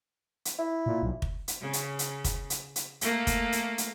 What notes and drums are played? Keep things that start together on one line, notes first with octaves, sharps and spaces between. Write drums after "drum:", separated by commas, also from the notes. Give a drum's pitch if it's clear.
drum: hi-hat
E4
A#2
B1
drum: kick
drum: hi-hat
C#3
drum: hi-hat
drum: hi-hat
drum: kick, hi-hat
drum: hi-hat
drum: hi-hat
A3 A#3, drum: hi-hat
drum: kick, hi-hat
drum: hi-hat
drum: hi-hat